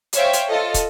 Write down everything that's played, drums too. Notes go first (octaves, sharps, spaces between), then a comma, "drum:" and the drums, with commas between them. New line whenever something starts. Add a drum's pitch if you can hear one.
C5 C#5 E5 F5 G5, drum: hi-hat
drum: hi-hat
F4 A4 D#5
drum: kick, hi-hat